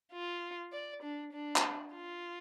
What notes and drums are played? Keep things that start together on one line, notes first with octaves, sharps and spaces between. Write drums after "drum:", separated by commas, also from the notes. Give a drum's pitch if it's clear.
F4
D5
D4
D4
drum: clap
F4